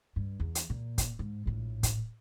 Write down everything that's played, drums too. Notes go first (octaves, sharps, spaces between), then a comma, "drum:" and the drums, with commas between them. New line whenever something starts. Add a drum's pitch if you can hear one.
G2
E2
drum: hi-hat
A#2
drum: kick, hi-hat
G#2
A#1 A2
drum: kick, hi-hat